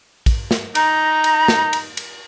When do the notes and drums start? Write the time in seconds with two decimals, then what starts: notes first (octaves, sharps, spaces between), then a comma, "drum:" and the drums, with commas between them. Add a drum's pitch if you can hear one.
0.26 drum: kick, cymbal
0.51 drum: snare
0.75 D#4 A#5, drum: cymbal
1.24 drum: cymbal
1.48 drum: snare
1.73 drum: cymbal
1.97 drum: cymbal